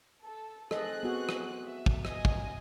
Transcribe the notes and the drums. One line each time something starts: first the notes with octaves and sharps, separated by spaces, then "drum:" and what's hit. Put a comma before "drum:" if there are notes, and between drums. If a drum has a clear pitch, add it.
A4
C4 G#4 A4 D#5 F#6, drum: rim click
B3 F#4
drum: rim click
E5
drum: kick
D#5 G#5, drum: rim click
drum: kick